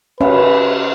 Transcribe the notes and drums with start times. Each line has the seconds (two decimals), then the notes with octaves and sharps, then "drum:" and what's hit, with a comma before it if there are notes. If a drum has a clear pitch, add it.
0.21 C#4 B4, drum: cymbal